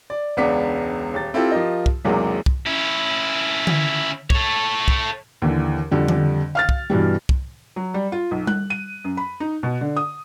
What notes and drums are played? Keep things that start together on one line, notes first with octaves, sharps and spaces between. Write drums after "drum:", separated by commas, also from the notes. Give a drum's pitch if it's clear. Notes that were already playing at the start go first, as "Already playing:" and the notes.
D5
E1 C#2 B3 D4 D6 B6
D#1 A6
C4 E4 F4 G4 A4
F3 F4 G4 A#4 D#5
drum: kick
B1 E2 C3 F#3 G#3 A#3
drum: kick
C#4 E4
drum: tom D3
A4 C#5, drum: kick
drum: kick
D#2 D3 E3
F2 D3 G3
drum: tom D3
F5 F6 A6
drum: kick
G2 B2 E3 G3
drum: kick
F#3
G3
F4
B1
F#6, drum: tom G3
D#7
F#2
B5
D#4
B2
D3
D#6